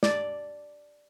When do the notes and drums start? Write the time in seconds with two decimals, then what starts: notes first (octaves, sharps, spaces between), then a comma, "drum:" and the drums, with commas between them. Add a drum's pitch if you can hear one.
0.03 D5, drum: snare